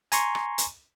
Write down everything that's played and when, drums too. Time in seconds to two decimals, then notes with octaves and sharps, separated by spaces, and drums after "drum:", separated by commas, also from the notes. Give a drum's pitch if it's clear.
0.12 G#5 A#5 C6 C#6, drum: hi-hat
0.35 drum: rim click
0.58 drum: hi-hat